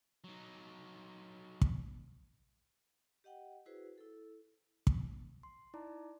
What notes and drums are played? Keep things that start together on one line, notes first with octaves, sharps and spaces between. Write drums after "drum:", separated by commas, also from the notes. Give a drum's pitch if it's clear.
F#3 D#4
drum: kick
G4 D#5 F#5 G5
E4 F#4 G#4 B4 C5
E4 A4
drum: kick
C6
D#4 E4 D5 A5 A#5 D6